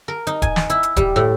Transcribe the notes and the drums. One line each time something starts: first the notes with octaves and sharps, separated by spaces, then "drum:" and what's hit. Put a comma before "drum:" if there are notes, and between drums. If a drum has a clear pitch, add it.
A#4
D#4, drum: hi-hat
G#5, drum: kick D#1, hi-hat
drum: snare
E4, drum: hi-hat
drum: hi-hat
G3, drum: kick D#1, hi-hat
A2